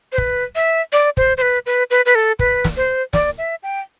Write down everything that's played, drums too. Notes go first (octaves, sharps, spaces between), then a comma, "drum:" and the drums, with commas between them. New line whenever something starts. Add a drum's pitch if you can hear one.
C5
B4, drum: kick
E5
D5
C5, drum: kick
C5
B4
B4
B4
B4
A4
B4, drum: kick
drum: snare
C5
D5, drum: snare
E5
G5